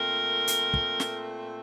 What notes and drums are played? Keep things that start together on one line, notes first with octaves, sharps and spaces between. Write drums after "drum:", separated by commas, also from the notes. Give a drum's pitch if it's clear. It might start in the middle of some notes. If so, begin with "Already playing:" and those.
Already playing: A#2 A3 C4 A#4
drum: hi-hat
drum: kick
drum: snare